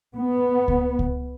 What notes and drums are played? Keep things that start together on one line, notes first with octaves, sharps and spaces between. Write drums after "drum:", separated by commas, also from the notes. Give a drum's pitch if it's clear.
B3
drum: kick C#2
drum: kick C#2